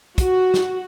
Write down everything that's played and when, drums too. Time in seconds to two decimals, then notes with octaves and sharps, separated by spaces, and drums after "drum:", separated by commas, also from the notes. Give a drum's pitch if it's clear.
0.18 F#4, drum: kick, hi-hat
0.54 drum: snare